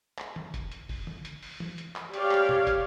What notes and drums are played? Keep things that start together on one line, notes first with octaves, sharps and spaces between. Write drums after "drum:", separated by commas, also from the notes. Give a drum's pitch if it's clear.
drum: clap
drum: tom
drum: kick, hi-hat
drum: hi-hat
drum: kick, open hi-hat
drum: tom
drum: hi-hat
drum: open hi-hat
drum: tom
drum: hi-hat
drum: clap
G4 C#5 D5 F5, drum: hi-hat
drum: clap
drum: tom
drum: kick, hi-hat